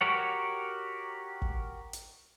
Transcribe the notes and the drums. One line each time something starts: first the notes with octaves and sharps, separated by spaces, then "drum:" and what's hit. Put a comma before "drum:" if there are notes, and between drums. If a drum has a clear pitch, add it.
F#4 G4 A#4 C#5 F#5
drum: kick
drum: hi-hat